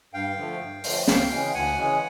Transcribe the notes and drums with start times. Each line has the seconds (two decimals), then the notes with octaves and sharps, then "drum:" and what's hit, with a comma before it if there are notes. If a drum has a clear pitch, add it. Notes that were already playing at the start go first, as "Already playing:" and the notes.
0.13 G2 F5 G5
0.37 D3 F3 A3
0.60 G2
0.84 D3 F3 A3, drum: open hi-hat
1.08 D2 F5 G5, drum: snare
1.31 C#3 E3 G#3 C#4
1.54 D2 F#5 G#5
1.78 C#3 E3 G#3 C#4